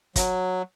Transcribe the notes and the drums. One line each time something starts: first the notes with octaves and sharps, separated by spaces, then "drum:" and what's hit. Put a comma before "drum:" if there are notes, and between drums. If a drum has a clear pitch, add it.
F#3, drum: kick, hi-hat